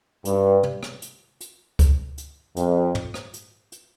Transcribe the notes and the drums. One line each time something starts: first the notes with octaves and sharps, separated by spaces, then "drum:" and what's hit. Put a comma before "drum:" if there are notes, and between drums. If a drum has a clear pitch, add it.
G2, drum: hi-hat
drum: tom
drum: rim click
drum: hi-hat
drum: hi-hat
drum: kick C#2, hi-hat
drum: hi-hat
F2, drum: hi-hat
drum: tom
drum: rim click
drum: hi-hat
drum: hi-hat